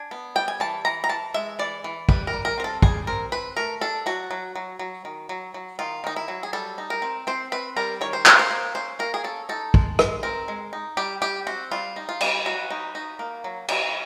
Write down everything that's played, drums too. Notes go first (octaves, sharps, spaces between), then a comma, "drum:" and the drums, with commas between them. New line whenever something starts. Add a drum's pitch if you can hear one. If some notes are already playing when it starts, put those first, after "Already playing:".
Already playing: D4 G#5
B3
G3 G5
G#5
E3 A5
E3 A#5
A#5
E3 A5
G#3 E5
E3 D5
E3
G3 B4, drum: kick
A#4
G3
A#4
C4 A#4
A4
G3 G#4, drum: kick
C4 A#4
C4 B4
A3 A#4
D4 A4
F#3 F#4
F#3
F#3
F#3
D#3
F#3
F#3
D#3 F4
D#3 D#4
E4
F#3
G#4
G3 A4
D#4
A#4
C4
C4 C5
C4 B4
G3 A#4
D#3 C#5
C5
A#3 B4, drum: clap
C5
A#3
C#4 C5
A#3 A#4
G#4
C#4 A4
D#4 A4
G#3, drum: kick
G#3, drum: rim click
C4 A#4
G#3
D#4
G3 G4
G3 G4
C4 F#4
G3 F4
D#4
F4
G3, drum: cymbal
F#3 F#4
D#4
D#4
A#3
F#3
F#3, drum: cymbal